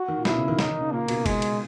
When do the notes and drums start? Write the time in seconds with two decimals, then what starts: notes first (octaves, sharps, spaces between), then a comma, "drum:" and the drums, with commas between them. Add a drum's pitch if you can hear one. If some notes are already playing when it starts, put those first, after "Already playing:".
Already playing: F#4
0.08 D#3
0.17 A#2
0.25 B2 E4, drum: snare
0.36 C#3
0.48 D#3
0.59 D#3 D#4, drum: snare
0.70 D#3
0.81 C#3
0.92 A#2 A#3
1.08 B2, drum: cymbal
1.26 G#3, drum: kick G1, cymbal
1.42 drum: cymbal